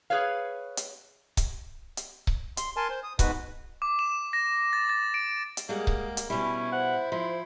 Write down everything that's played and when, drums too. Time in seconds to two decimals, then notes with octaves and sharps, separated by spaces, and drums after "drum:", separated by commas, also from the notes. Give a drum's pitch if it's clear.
0.10 G#4 B4 C#5 F5
0.77 drum: hi-hat
1.37 drum: kick C#1, hi-hat
1.97 drum: hi-hat
2.27 drum: kick C#1
2.57 C6, drum: hi-hat
2.76 A#4 G#5 A5 C6
2.90 C5
3.03 D#6
3.19 G#2 B2 F#4 B4, drum: kick C#1, hi-hat
3.82 D6
3.99 E7
4.33 A#6
4.73 A6
4.89 A6
5.14 D7
5.57 drum: hi-hat
5.69 G3 G#3 A#3 G#4 F#5
5.87 drum: kick C#1
6.17 drum: hi-hat
6.30 B2 G3 C#4 E4 B5
6.72 C5 F#5
7.12 F3 E4 C6